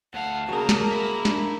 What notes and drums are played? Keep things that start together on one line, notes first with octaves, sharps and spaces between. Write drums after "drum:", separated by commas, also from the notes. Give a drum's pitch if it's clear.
D2 F5 F#5 A5
D2 C#3 A#3 F#4 G#4 A#4
drum: snare
E5 B5
D4 D#4, drum: snare